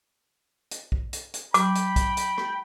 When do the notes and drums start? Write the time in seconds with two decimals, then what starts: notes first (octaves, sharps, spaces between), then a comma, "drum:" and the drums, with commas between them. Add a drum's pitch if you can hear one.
0.71 drum: hi-hat
0.92 drum: kick B1
1.13 drum: hi-hat
1.34 drum: hi-hat
1.54 G5 B5 D6, drum: hi-hat
1.75 drum: hi-hat
1.96 drum: kick B1, hi-hat
2.17 drum: hi-hat
2.38 drum: rim click